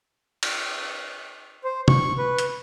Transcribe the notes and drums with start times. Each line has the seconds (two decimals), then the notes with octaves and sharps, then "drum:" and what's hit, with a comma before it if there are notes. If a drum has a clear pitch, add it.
0.43 drum: cymbal
1.64 C5
1.88 C#6, drum: tom
2.18 B4
2.39 drum: hi-hat